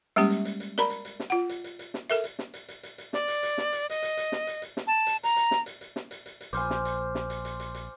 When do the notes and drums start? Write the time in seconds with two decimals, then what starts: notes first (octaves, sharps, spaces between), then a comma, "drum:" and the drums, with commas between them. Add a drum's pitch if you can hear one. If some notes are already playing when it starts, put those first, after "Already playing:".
0.16 G3 G#3 A#3 C#4 G4, drum: hi-hat
0.30 drum: hi-hat
0.45 drum: hi-hat
0.60 drum: hi-hat
0.78 A#4 D5 A#5 B5, drum: snare
0.90 drum: hi-hat
1.05 drum: hi-hat
1.20 drum: snare
1.30 F4 F#5
1.49 drum: hi-hat
1.64 drum: hi-hat
1.79 drum: hi-hat
1.94 drum: snare
2.10 A4 A#4 E5, drum: hi-hat
2.24 drum: hi-hat
2.39 drum: snare
2.54 drum: hi-hat
2.68 drum: hi-hat
2.83 drum: hi-hat
2.98 drum: hi-hat
3.13 D5, drum: snare
3.28 drum: hi-hat
3.43 drum: hi-hat
3.58 drum: snare
3.73 drum: hi-hat
3.90 D#5, drum: hi-hat
4.02 drum: hi-hat
4.17 drum: hi-hat
4.32 drum: snare
4.47 drum: hi-hat
4.62 drum: hi-hat
4.77 drum: snare
4.87 A5
5.07 drum: hi-hat
5.23 A#5, drum: hi-hat
5.36 drum: hi-hat
5.51 drum: snare
5.66 drum: hi-hat
5.81 drum: hi-hat
5.96 drum: snare
6.11 drum: hi-hat
6.26 drum: hi-hat
6.41 drum: hi-hat
6.53 A#1 C5 G#5 D6 F6 G6, drum: hi-hat
6.70 drum: snare
6.85 drum: hi-hat
7.15 drum: snare
7.30 drum: hi-hat
7.45 drum: hi-hat
7.60 drum: hi-hat
7.74 drum: hi-hat